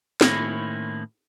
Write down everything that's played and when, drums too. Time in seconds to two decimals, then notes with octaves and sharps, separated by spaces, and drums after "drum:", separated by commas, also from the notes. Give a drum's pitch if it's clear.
0.21 A2 D#3 A#3 C4 C#4 E4, drum: snare